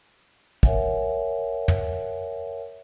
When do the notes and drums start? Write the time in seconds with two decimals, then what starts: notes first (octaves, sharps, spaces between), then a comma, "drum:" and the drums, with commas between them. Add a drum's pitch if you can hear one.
0.63 A#4 C#5 E5 F#5 G#5, drum: kick
1.68 drum: tom